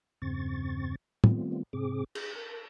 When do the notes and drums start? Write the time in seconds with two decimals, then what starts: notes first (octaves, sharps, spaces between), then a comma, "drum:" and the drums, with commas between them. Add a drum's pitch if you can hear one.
0.22 E2 G2 C#3 C4 C#6 A6
1.24 D#3 G3 A3 B3 C4 F4, drum: tom
1.73 G#2 C3 C4 G#4 D6
2.15 G#4, drum: cymbal
2.35 A#4 A5